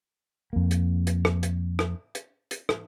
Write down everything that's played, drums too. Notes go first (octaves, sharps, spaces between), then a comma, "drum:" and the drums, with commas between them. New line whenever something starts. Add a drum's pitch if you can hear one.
F2 A#3
drum: hi-hat
drum: hi-hat
drum: rim click
drum: hi-hat
drum: rim click
drum: hi-hat
drum: hi-hat
drum: rim click